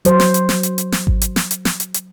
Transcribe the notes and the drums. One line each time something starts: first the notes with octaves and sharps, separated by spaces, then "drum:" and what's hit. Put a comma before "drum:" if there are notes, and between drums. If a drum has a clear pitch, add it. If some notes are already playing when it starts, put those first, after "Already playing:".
F#3 C5, drum: hi-hat
drum: snare
drum: hi-hat
drum: snare
drum: hi-hat
drum: hi-hat
drum: snare
drum: kick G#1
drum: hi-hat
drum: snare
drum: hi-hat
drum: snare
drum: hi-hat
drum: hi-hat